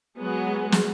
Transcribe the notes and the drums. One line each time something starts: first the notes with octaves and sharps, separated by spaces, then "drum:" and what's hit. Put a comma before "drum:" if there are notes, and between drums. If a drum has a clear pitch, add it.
F#3 G#3 B3 G#4
drum: snare